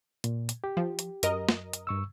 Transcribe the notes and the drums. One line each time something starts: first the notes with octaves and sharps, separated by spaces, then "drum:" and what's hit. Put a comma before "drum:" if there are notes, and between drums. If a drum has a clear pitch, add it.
A#2, drum: hi-hat
drum: hi-hat
G4
F3
drum: hi-hat
F#2 A#4 D#5, drum: hi-hat
drum: snare
drum: hi-hat
G2 C#6 E6